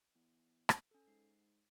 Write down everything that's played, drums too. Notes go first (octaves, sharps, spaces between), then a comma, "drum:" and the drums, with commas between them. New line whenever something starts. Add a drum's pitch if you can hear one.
E2
drum: rim click
C#4 A4
G#2 C7